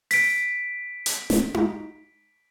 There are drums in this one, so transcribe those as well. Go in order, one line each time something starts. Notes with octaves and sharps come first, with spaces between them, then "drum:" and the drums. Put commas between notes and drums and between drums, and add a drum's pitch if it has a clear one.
B6 D7, drum: open hi-hat
drum: hi-hat
drum: snare
drum: tom D#4